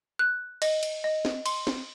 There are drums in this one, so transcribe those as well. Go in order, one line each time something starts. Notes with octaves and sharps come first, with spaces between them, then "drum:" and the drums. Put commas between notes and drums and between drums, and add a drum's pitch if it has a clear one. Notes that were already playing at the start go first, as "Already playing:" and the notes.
F#6
D#5, drum: cymbal
drum: cymbal
D#5
drum: snare
C6, drum: cymbal
drum: snare